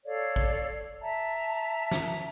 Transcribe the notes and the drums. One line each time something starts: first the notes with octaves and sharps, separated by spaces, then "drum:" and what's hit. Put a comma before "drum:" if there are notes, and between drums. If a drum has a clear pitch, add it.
A4 C#5 D5 F5
drum: kick
E5 A5 A#5
drum: snare